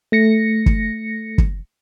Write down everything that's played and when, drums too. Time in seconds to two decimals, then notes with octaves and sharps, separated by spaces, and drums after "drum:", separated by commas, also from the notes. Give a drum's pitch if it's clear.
0.12 A3 A#6 C#7
0.66 drum: kick
1.38 drum: kick